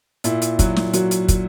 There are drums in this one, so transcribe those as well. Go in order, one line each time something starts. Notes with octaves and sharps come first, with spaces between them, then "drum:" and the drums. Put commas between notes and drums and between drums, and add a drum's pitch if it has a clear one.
A#2 E4, drum: hi-hat
drum: hi-hat
F#3 F#4, drum: kick, hi-hat
drum: snare
F#3 F#4, drum: hi-hat
drum: hi-hat
drum: kick, hi-hat